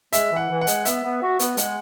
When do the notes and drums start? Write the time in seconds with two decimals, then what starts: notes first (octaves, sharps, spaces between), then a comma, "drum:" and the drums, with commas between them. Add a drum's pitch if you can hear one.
0.13 G#3 E5, drum: hi-hat
0.31 E3
0.36 F#5
0.49 E3
0.61 F#5
0.67 G#3, drum: hi-hat
0.85 B3 E5, drum: hi-hat
1.03 B3
1.22 F#4
1.39 B3, drum: hi-hat
1.57 G#3 F#5, drum: hi-hat